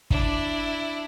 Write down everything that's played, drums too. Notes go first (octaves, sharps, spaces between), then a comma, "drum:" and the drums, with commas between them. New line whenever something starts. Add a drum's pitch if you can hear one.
D4 E4, drum: kick